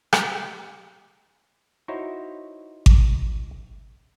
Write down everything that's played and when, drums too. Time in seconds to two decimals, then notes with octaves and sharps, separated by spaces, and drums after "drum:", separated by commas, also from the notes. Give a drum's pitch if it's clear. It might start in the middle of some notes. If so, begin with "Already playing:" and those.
0.13 G4, drum: rim click
1.88 D#4 E4 F#4 C5 C#5
2.86 drum: kick G#1